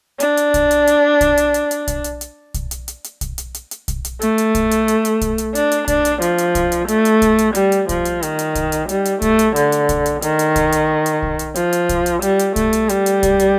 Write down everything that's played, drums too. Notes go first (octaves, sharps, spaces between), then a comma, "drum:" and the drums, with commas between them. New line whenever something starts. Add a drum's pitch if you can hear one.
D4, drum: hi-hat
drum: hi-hat
drum: kick, hi-hat
drum: hi-hat
drum: hi-hat
drum: kick, hi-hat
drum: hi-hat
drum: hi-hat
drum: hi-hat
drum: kick, hi-hat
drum: hi-hat
drum: hi-hat
drum: kick, hi-hat
drum: hi-hat
drum: hi-hat
drum: hi-hat
drum: kick, hi-hat
drum: hi-hat
drum: hi-hat
drum: hi-hat
drum: kick, hi-hat
drum: hi-hat
A3, drum: hi-hat
drum: hi-hat
drum: kick, hi-hat
drum: hi-hat
drum: hi-hat
drum: hi-hat
drum: kick, hi-hat
drum: hi-hat
D4, drum: hi-hat
drum: hi-hat
D4, drum: kick, hi-hat
drum: hi-hat
F3, drum: hi-hat
drum: hi-hat
drum: kick, hi-hat
drum: hi-hat
A3, drum: hi-hat
drum: hi-hat
drum: kick, hi-hat
drum: hi-hat
G3, drum: hi-hat
drum: hi-hat
F3, drum: kick, hi-hat
drum: hi-hat
D#3, drum: hi-hat
drum: hi-hat
drum: kick, hi-hat
drum: hi-hat
G3, drum: hi-hat
drum: hi-hat
A3, drum: kick, hi-hat
drum: hi-hat
D3, drum: hi-hat
drum: hi-hat
drum: kick, hi-hat
drum: hi-hat
D#3, drum: hi-hat
drum: hi-hat
drum: kick, hi-hat
drum: hi-hat
drum: hi-hat
drum: kick
drum: hi-hat
F3, drum: hi-hat
drum: hi-hat
drum: kick, hi-hat
drum: hi-hat
G3, drum: hi-hat
drum: hi-hat
A3, drum: kick, hi-hat
drum: hi-hat
G3, drum: hi-hat
drum: hi-hat
drum: kick, hi-hat
drum: hi-hat